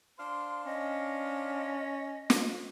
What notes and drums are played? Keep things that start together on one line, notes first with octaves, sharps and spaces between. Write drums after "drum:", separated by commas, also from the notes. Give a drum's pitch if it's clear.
D4 C5 F5 C6
C#4 D#5
drum: snare